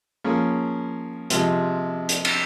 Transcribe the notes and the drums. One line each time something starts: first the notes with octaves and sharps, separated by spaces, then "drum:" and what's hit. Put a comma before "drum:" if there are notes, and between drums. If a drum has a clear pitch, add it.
F3 A#3 C#4 G#4
C3 F3 G#3, drum: hi-hat
drum: hi-hat
drum: cymbal